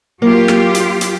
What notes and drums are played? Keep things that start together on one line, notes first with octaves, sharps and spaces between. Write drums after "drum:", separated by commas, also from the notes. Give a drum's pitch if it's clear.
F#3 A#3 F4 G4
drum: rim click
drum: hi-hat
drum: hi-hat